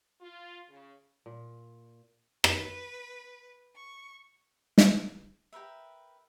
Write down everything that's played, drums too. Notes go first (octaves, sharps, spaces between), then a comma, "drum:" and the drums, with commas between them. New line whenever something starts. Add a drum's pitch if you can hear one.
F4
C#3
A#2
B4, drum: rim click
C#6
drum: snare
G4 A#4 B4 E5